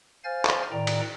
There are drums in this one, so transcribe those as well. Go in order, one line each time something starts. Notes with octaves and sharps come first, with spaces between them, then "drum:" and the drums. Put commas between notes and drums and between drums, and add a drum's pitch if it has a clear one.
C5 F5 G#5 F6 A6
drum: clap
A2 D#3 D5 G5 A#5
drum: cymbal